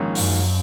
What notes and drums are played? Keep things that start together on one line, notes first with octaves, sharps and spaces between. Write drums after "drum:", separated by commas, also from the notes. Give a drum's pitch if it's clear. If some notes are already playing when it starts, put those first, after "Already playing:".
Already playing: A#1 G#2 D#3 A#3 C#4
F#2, drum: open hi-hat